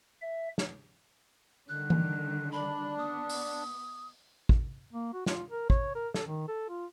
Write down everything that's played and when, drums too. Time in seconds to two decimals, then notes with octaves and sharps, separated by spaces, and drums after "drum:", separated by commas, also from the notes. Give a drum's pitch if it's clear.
0.22 E5
0.58 drum: snare
1.69 D3 D#3 G3 F#6
1.90 drum: tom E3
2.52 D4 B5
2.98 B3 D#6
3.29 drum: open hi-hat
4.49 drum: kick
4.92 A#3
5.13 F#4
5.26 F4, drum: snare
5.50 A#4
5.70 C#5, drum: kick
5.96 A#4
6.14 A4, drum: snare
6.27 D#3
6.48 A4
6.69 F4